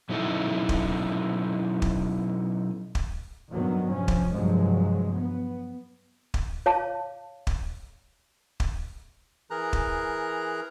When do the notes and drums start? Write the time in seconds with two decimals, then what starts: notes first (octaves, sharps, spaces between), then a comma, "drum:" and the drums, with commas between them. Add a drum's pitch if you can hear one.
0.09 B2 F#3 C#4 D#4 E4 A4
0.69 drum: kick
1.82 drum: kick
2.95 drum: kick
3.51 G2 D#3 F#3 B3
3.90 C3 F3 C#4
4.08 drum: kick
4.34 G2 C3 F3 F#3 G#3
5.13 B3
6.34 drum: kick
6.66 C#5 F5 A5
7.47 drum: kick
8.60 drum: kick
9.51 E3 G#4 A#4 A#5 F#6
9.73 drum: kick